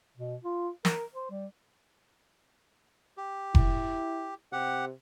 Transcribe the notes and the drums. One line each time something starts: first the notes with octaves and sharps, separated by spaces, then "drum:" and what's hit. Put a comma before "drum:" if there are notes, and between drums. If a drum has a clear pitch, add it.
B2
F4
A#4, drum: snare
C5
G3
G4
E4, drum: kick F1
C3 G4 F#5